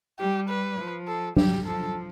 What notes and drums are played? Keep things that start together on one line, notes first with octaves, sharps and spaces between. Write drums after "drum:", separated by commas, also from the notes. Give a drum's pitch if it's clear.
G3 G4
B4
F3
A4
G3 G4, drum: tom F#3
F3 A4